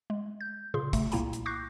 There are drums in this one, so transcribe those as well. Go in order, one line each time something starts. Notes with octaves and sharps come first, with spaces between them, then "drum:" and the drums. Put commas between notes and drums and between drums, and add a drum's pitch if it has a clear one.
G#3
G6
A#2 C#3 G#4 C6
A3, drum: kick, hi-hat
C2 A#2 A#3 E4 G5 A#5, drum: hi-hat
drum: hi-hat
C#6 D6 F#6 G6 A#6 C7